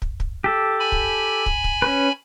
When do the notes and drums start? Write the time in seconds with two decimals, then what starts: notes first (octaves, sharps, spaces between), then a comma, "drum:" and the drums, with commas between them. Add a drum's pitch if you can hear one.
0.02 drum: kick
0.20 drum: kick
0.44 G4 A4
0.80 G#5 B5
0.92 drum: kick
1.46 drum: kick
1.64 drum: kick
1.82 C#4 B4